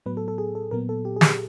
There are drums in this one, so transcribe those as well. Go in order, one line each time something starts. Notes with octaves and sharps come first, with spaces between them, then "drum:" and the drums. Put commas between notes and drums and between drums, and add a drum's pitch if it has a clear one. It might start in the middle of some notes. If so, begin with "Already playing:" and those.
A2 F#3 B3 B4
A4
A4
G#4
A4
A#2 F#3 B3 A#4
A4
G4
G#4
G4, drum: snare